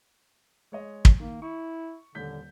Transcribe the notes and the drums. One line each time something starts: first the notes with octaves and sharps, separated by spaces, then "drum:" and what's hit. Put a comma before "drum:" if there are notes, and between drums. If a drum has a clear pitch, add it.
G#3 C#5 D#5
drum: kick
D#3 A#3
E4 C#6
D#1 D3 G6 B6